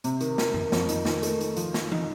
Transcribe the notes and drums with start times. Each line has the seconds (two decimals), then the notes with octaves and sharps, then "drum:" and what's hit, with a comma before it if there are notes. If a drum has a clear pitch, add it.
0.04 C3, drum: hi-hat
0.20 D#3, drum: hi-hat
0.38 D#3, drum: snare
0.54 D#3, drum: tom F#2
0.72 F2, drum: snare
0.89 D#4, drum: hi-hat
1.05 D#3, drum: snare
1.23 A3, drum: hi-hat
1.41 D#3, drum: hi-hat
1.56 F3, drum: hi-hat
1.74 F3, drum: snare
1.92 D#4, drum: tom